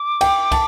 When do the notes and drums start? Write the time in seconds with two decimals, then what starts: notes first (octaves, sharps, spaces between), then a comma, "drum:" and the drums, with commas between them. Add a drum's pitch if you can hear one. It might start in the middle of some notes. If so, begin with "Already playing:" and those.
Already playing: D6
0.21 G5, drum: cymbal
0.52 A5, drum: kick, cymbal